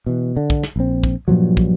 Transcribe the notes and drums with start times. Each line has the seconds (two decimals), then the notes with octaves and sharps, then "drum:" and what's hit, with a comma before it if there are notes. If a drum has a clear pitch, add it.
0.06 B2 E3
0.37 D3
0.50 drum: kick
0.63 drum: snare
0.76 A#1 C4
1.03 drum: kick
1.28 G2 A#2 F3 F#3
1.57 drum: kick